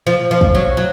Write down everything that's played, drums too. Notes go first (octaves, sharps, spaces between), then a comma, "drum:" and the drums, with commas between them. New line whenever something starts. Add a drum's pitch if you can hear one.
F3
F3
drum: kick
F#3
F#3